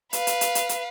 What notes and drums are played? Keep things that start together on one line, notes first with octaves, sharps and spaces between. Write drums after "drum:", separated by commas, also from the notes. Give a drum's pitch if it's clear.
B4 F5, drum: hi-hat
drum: hi-hat
drum: hi-hat
drum: hi-hat
drum: hi-hat